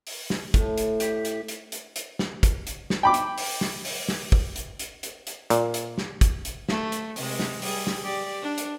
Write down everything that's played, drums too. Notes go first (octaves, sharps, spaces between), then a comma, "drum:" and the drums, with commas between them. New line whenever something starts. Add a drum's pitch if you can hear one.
drum: open hi-hat
drum: snare
A2, drum: kick, hi-hat
drum: hi-hat
G4, drum: hi-hat
drum: hi-hat
drum: hi-hat
drum: hi-hat
drum: hi-hat
drum: snare
drum: kick, hi-hat
drum: hi-hat
drum: snare
G5 B5 D6
drum: hi-hat
drum: open hi-hat
drum: snare
drum: open hi-hat
drum: snare
drum: kick
drum: hi-hat
drum: hi-hat
drum: hi-hat
drum: hi-hat
A#2, drum: hi-hat
drum: hi-hat
drum: snare
drum: kick, hi-hat
drum: hi-hat
A3, drum: snare
drum: hi-hat
C3 G#3, drum: open hi-hat
drum: snare
G3 G#4, drum: open hi-hat
drum: snare
G4 D5
D4
drum: hi-hat